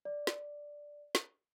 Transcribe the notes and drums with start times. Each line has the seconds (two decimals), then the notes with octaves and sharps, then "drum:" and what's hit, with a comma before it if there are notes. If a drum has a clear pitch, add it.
0.05 D5
0.27 drum: snare
1.15 drum: snare